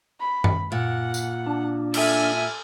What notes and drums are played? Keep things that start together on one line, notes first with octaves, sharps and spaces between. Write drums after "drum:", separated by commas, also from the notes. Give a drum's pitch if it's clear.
B5
drum: tom F#2
A#2 F#5
drum: tambourine
D4
A4 E5 G#5, drum: cymbal